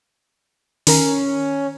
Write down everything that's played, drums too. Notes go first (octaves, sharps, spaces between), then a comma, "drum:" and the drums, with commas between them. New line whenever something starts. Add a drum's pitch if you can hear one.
D#3 C#4 A#4 A#5, drum: open hi-hat